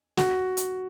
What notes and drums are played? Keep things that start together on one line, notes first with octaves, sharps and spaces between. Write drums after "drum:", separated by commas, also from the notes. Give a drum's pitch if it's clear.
F#4, drum: snare
drum: hi-hat